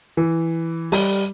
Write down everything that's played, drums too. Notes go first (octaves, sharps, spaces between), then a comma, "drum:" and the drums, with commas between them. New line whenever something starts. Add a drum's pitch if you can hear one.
E3
G3, drum: open hi-hat